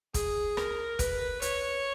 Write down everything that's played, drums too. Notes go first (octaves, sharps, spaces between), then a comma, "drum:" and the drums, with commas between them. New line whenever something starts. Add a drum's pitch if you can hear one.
G#4, drum: kick, hi-hat
A#4, drum: rim click
B4, drum: kick, hi-hat
C#5, drum: hi-hat